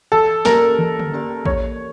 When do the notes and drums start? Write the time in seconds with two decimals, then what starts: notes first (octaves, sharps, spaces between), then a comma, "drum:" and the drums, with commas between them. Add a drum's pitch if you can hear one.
0.12 E3 A4
0.45 A#3 C#4 G4 A#4 D5, drum: snare
0.79 E3
0.99 drum: tom D3
1.12 A#3 C#4 G4 D5
1.45 E3 C#5, drum: kick